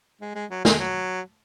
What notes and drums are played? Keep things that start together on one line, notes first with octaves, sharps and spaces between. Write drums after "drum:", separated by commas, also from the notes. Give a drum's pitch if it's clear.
G#3
G#3
F#3
G#3, drum: snare
F#3